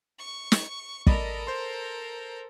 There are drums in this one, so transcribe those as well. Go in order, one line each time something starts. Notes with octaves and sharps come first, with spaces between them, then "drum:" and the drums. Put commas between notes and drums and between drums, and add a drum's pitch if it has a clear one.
C#6
drum: snare
A4 A#4 D5 D#5 B5, drum: kick
C5 C6